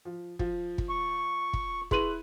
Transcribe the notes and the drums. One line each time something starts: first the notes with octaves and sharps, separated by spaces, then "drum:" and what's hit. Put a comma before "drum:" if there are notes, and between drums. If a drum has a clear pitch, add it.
F3
F3, drum: kick
drum: kick
C#6
drum: kick
E4 G#4 B4 C6 D#7 F#7, drum: kick